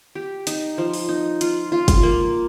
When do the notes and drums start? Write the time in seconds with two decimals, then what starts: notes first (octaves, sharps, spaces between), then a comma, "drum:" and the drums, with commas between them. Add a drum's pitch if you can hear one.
0.15 G4
0.47 D#4, drum: hi-hat
0.78 F3
0.94 drum: open hi-hat
1.09 D#4
1.41 F4, drum: hi-hat
1.72 F4
1.88 drum: kick, hi-hat
2.03 A#3